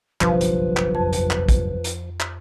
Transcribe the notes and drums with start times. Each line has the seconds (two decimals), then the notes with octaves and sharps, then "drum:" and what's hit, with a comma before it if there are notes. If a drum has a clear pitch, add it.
0.21 F#1 B1 G2 F3 B4, drum: clap
0.41 drum: hi-hat
0.77 drum: clap
0.95 F2 A5
1.13 drum: hi-hat
1.31 drum: clap
1.49 drum: kick, hi-hat
1.84 drum: hi-hat
2.20 drum: clap